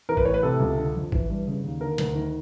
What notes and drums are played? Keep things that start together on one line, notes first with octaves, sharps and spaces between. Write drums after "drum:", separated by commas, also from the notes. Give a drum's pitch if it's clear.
E3 A#4
B4, drum: kick G#1
A2 C#5
B4
C3 A4
C#2
D3
F2
E3, drum: kick G#1
G2
C#3
D#2
D3 A#4
D2, drum: hi-hat
D#3